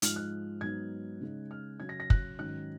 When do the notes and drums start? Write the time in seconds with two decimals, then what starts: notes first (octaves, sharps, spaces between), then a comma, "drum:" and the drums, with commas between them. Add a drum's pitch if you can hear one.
0.02 G#2 F3 G#3 D#4 F6, drum: hi-hat
0.16 F#6
0.61 G#2 F#3 B3 D#4 G#6
1.20 C#3 G#3 D#4
1.51 F6
1.80 C#3 F#3 C#4 G#6
1.89 A#6
2.00 A#6
2.10 F#6, drum: kick
2.39 G#2 D#3 F#3 C#4 F#6